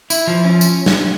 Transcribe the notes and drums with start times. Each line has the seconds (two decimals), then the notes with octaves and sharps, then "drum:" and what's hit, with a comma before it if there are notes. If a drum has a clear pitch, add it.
0.10 E4, drum: tambourine
0.27 F3
0.44 C#4
0.61 drum: tambourine
0.86 drum: snare